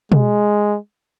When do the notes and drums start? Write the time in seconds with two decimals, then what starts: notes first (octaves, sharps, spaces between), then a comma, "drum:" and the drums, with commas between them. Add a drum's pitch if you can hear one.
0.12 G#3, drum: tom B2